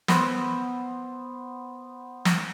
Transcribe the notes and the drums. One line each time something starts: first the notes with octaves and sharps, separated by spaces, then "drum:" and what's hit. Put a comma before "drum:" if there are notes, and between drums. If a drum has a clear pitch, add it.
B3 C5 E6, drum: snare
drum: snare